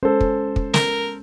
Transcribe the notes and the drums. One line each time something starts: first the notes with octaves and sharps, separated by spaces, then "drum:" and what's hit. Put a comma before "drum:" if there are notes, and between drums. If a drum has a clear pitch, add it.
G#3 C#4 A4 C5
drum: kick
drum: kick
A#4, drum: snare